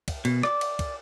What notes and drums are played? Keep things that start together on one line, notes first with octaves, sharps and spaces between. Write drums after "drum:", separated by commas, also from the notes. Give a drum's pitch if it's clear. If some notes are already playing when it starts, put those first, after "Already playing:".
drum: kick, cymbal
B2, drum: cymbal
D5, drum: rim click
drum: cymbal
drum: kick, cymbal